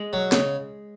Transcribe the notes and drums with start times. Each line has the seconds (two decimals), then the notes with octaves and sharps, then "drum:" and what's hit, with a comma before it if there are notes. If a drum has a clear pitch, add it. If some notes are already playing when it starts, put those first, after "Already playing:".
Already playing: G#3
0.13 F#3
0.32 C#3, drum: snare